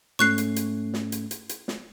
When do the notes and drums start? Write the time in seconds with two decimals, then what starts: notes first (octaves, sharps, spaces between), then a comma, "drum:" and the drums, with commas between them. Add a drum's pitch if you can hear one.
0.19 G#2 A3 C#4 C#6 F#6 C7, drum: snare
0.38 drum: hi-hat
0.56 drum: hi-hat
0.94 drum: snare
1.12 drum: hi-hat
1.31 drum: hi-hat
1.49 drum: hi-hat
1.68 drum: snare